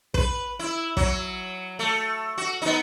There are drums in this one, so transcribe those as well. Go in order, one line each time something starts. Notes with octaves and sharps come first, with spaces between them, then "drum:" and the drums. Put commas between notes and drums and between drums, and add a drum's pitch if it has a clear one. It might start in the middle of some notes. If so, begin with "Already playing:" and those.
B4, drum: kick
E4
F#3, drum: kick
A3
F#4
B3 D#4